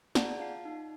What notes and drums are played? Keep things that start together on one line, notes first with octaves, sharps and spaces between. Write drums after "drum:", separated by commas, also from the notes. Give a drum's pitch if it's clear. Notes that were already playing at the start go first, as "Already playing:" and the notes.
G#4 D5 F#5 A5 A#5 G6, drum: snare
F4 F5 A5 C7
D#4